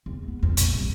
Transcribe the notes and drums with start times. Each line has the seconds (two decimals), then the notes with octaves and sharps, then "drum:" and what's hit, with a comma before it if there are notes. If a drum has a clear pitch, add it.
0.06 E2
0.28 B3
0.43 F2
0.57 A#1, drum: hi-hat
0.74 C2